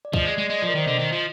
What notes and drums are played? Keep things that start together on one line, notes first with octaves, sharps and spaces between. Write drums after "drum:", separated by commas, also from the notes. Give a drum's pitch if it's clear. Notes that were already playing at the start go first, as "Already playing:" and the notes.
D5
F3 D#5, drum: kick
G#3
D5
G#3
G#3 D#5
D5
F3
A#4
D#3 C5
D3 D#5, drum: tom B2
D#3
F3